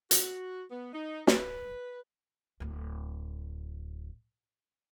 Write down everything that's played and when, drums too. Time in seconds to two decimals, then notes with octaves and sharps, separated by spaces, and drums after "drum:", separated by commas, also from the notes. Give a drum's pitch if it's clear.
0.11 F#4, drum: hi-hat
0.70 B3
0.93 D#4
1.27 B4, drum: snare
2.60 D1 D2